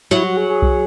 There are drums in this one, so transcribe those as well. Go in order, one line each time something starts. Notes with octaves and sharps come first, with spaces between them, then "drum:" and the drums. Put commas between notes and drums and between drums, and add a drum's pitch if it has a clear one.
F#3 E4, drum: snare
F#4
G#4
G#4
drum: kick B1